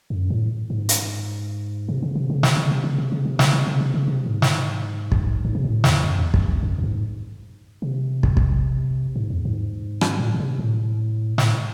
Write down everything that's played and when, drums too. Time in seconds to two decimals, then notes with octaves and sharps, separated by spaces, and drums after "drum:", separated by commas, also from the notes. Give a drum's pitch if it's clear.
0.10 F#2
0.30 A2
0.70 G#2
0.89 drum: hi-hat
1.89 C3
2.02 C#3
2.15 C3
2.30 C#3
2.43 C3, drum: snare
2.57 C#3
2.71 C3
2.84 C#3
2.98 C3
3.12 C#3
3.25 C3
3.39 C#3, drum: snare
3.53 C3
3.67 C#3
3.80 C3
3.94 C#3
4.08 C3
4.26 G#2
4.42 drum: snare
5.12 drum: kick
5.45 G#2
5.55 C3
5.64 A2
5.84 E2, drum: snare
6.04 F#2
6.19 E2
6.34 F#2, drum: kick
6.49 E2
6.63 F#2
6.78 F#2
6.83 G#2
7.82 C3
8.23 drum: kick
8.37 drum: kick
9.16 G#2
9.30 E2
9.45 G#2
10.01 drum: rim click
10.19 A2
10.34 A2
10.39 C3
10.59 A2
11.38 A2, drum: snare